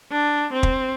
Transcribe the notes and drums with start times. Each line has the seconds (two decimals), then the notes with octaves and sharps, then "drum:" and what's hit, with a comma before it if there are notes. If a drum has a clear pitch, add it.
0.12 D4
0.53 C4
0.63 drum: kick